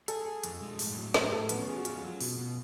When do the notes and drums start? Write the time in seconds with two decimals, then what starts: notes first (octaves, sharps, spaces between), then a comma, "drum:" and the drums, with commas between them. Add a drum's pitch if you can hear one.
0.08 G#4 A4, drum: hi-hat
0.26 G#4
0.43 F2, drum: hi-hat
0.61 G#3
0.79 A2, drum: open hi-hat
0.97 F#3
1.14 A2 B4, drum: snare
1.32 A2 A4
1.49 F3 B3, drum: hi-hat
1.59 C#4
1.68 F3 G#4
1.76 F#4
1.85 C#4 F4, drum: hi-hat
2.03 F#3
2.21 B2, drum: open hi-hat
2.38 B2